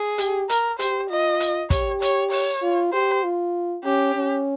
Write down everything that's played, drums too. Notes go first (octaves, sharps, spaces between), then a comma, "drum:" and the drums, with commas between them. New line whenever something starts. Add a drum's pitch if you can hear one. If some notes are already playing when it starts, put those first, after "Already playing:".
Already playing: G#4
G4, drum: hi-hat
A#4, drum: hi-hat
G4 C5, drum: hi-hat
F4 D#5
drum: hi-hat
G4 C#5, drum: kick, hi-hat
C#5, drum: hi-hat
C#5, drum: open hi-hat
F4
G4 C5
F4
C#4 G4
C#4